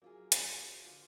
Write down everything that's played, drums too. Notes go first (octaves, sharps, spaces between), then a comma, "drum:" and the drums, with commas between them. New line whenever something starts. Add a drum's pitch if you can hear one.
F#3 A#3 F4 G#4
drum: hi-hat
D3 F3 A#3 F4